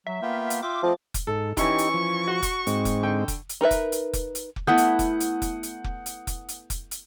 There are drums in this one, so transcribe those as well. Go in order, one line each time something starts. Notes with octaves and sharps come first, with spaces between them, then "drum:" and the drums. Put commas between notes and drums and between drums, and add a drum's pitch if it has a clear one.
F#3 E5
A#3 B3 F4 G5
drum: hi-hat
F4 E5 G5 D6
F3 A3 C4 D#5
drum: kick F1, hi-hat
G#2 A4
E3 C#4 D#4 E4 G4 C#6, drum: kick F1, hi-hat
drum: hi-hat
F3
F#4
drum: kick F1, hi-hat
G#2 G#3 C4, drum: hi-hat
drum: kick F1, hi-hat
D3 G5
drum: kick F1, hi-hat
drum: hi-hat
D#4 A#4 B4 E5
drum: kick F1, hi-hat
drum: hi-hat
drum: kick F1, hi-hat
drum: hi-hat
drum: kick F1
A3 B3 E4 F#5 D#6 G6
drum: hi-hat
drum: kick F1, hi-hat
drum: hi-hat
drum: kick F1, hi-hat
drum: hi-hat
drum: kick F1
drum: hi-hat
drum: kick F1, hi-hat
drum: hi-hat
drum: kick F1, hi-hat
drum: hi-hat